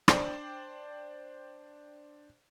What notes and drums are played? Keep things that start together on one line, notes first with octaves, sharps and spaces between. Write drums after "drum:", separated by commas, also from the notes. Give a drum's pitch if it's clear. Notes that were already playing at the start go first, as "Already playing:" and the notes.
D4 C5 D5 G5, drum: rim click